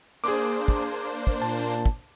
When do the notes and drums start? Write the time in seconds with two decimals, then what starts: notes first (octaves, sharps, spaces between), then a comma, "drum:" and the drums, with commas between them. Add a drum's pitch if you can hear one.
0.24 A#3 D4 G#4 C5 D6
0.68 drum: kick
1.27 drum: kick
1.42 A#2 A5
1.86 drum: kick